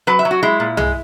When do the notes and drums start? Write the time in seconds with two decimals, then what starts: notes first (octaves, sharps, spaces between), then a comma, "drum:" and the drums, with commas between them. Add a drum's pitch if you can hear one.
0.07 F#3 B4
0.19 E5
0.25 F#3
0.31 F#4
0.43 G#3 E4
0.60 A#2
0.77 G#3, drum: tom